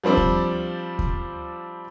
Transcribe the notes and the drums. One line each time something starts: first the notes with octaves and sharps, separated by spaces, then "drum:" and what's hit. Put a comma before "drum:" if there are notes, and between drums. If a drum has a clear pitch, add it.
F3 G3 C4 D4
drum: kick D#2
drum: kick D#2